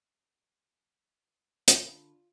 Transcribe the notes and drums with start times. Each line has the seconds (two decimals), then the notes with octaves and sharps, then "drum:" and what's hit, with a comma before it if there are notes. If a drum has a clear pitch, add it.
1.68 D3 D4 F4 B5, drum: hi-hat